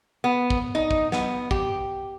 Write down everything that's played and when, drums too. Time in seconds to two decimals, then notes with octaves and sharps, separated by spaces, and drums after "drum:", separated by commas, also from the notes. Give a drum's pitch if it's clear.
0.24 B3
0.50 drum: kick
0.75 D#4
0.91 drum: kick
1.12 B3, drum: snare
1.51 G4, drum: kick